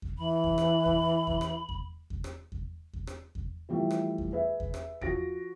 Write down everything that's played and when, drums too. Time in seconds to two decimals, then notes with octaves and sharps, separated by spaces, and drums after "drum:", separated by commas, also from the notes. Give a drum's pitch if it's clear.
0.02 drum: kick E2
0.18 E3 B5
0.44 drum: kick E2
0.58 drum: rim click
0.85 drum: kick E2
1.27 drum: kick E2
1.41 drum: rim click
1.69 drum: kick E2
2.10 drum: kick E2
2.24 drum: rim click
2.52 drum: kick E2
2.93 drum: kick E2
3.07 drum: rim click
3.35 drum: kick E2
3.69 E3 F3 G3 A3
3.91 drum: rim click
4.18 drum: kick E2
4.32 G#4 B4 E5
4.60 drum: kick E2
4.74 drum: rim click
5.01 F3 F#4 A#6 D7, drum: kick E2